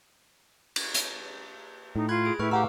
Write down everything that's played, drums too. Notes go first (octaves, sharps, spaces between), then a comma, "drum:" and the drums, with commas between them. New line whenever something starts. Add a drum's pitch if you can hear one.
drum: cymbal
drum: hi-hat
A2 D#4
F4 B5 F#6 G#6
G#4 D7
A2 E4 B4 C#6 F6
G4 F5 F#5 A#5 D6 E6